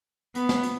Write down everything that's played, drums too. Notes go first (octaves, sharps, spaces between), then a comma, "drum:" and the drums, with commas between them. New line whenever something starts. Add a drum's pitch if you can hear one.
B3, drum: hi-hat
drum: snare
drum: hi-hat